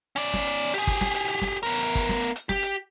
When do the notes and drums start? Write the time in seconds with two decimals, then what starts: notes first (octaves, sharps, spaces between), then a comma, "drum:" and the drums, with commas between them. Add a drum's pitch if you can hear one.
0.16 C#4 D5
0.33 drum: snare
0.47 drum: hi-hat
0.74 G4 G#4, drum: hi-hat
0.87 drum: kick, open hi-hat
1.01 drum: snare
1.14 drum: hi-hat
1.28 drum: hi-hat
1.41 drum: snare
1.63 B3 A#4
1.82 drum: hi-hat
1.95 drum: kick, open hi-hat
2.09 drum: snare
2.22 drum: hi-hat
2.36 drum: hi-hat
2.49 G4, drum: snare
2.63 drum: hi-hat